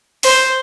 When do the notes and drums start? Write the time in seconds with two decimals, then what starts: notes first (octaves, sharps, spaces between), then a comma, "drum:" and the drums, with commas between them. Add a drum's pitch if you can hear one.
0.23 C5, drum: open hi-hat